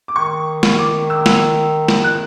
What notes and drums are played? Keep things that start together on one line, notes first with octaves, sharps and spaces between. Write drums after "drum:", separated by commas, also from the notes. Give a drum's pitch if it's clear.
D6
D#3 C#6
drum: snare
D6
E6
E6, drum: snare
drum: snare
F#6